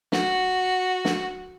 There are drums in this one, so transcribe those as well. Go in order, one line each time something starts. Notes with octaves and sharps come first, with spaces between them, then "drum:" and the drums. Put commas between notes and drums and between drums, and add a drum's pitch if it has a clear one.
F#4, drum: snare
drum: snare